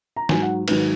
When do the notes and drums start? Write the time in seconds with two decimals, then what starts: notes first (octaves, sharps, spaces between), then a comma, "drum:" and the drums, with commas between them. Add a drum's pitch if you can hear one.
0.16 A#5
0.29 G#2 F#3 G#5, drum: snare
0.42 F#5
0.68 G#2 D#3 F#3 B4, drum: cymbal